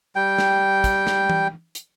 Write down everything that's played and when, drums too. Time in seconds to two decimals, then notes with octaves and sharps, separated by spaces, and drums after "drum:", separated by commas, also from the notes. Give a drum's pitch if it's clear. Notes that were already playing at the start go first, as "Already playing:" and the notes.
0.16 G3 G5
0.38 drum: snare
0.84 drum: kick, hi-hat
1.07 drum: snare
1.30 drum: tom E3
1.75 drum: hi-hat